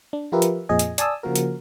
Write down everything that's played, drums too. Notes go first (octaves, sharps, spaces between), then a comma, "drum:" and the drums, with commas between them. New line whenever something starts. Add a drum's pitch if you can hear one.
D4
F3 F4 G4 A#4 B4 E5
drum: hi-hat
F2 A#2 F3 G#4 D#5 G#5
drum: hi-hat
D5 G#5 A5 D#6 E6, drum: hi-hat
C#3 F3 A#3 F#4 A#4
drum: hi-hat